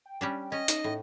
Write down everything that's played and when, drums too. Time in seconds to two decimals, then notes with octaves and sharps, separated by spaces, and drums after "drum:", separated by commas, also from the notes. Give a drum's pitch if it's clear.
0.06 G5
0.21 G3 C#4 D4
0.52 C#4 D#5 G5
0.68 D#4, drum: hi-hat
0.84 A2